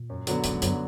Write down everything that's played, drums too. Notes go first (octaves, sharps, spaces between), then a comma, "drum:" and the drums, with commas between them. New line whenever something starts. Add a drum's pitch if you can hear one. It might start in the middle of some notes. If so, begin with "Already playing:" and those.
Already playing: A#2
F#2
D3 F#3 B3, drum: hi-hat
F#2 A2, drum: hi-hat
G#2
F#2 D3 F#3 B3, drum: hi-hat